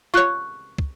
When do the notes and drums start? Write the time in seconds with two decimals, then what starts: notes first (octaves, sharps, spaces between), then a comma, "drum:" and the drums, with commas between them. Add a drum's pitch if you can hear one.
0.14 F4 C#5 C#6 F#6
0.78 drum: kick